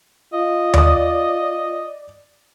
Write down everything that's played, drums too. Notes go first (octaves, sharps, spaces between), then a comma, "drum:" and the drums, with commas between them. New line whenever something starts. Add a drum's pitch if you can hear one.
F4 D#5
D5 D#6, drum: tom D#2